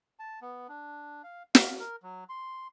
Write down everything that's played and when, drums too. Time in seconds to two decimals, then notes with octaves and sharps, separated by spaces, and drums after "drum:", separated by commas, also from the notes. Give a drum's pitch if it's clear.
0.19 A5
0.42 B3
0.69 D4
1.24 F5
1.55 F5, drum: snare
1.80 A#4
2.03 F#3
2.29 C6